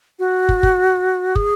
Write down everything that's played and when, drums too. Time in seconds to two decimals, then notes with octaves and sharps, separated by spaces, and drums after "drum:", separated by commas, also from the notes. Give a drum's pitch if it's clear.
0.19 F#4
0.49 drum: kick
0.63 drum: kick
1.36 G#4, drum: kick